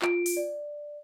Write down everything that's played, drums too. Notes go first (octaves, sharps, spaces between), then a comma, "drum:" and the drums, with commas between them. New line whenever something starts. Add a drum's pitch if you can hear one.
F4 D7, drum: clap
drum: open hi-hat
D5